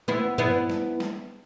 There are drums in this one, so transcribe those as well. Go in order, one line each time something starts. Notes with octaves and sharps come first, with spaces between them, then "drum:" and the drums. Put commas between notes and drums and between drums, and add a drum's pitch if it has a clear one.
B3 E4
B3 E4, drum: tom G2
drum: snare
drum: snare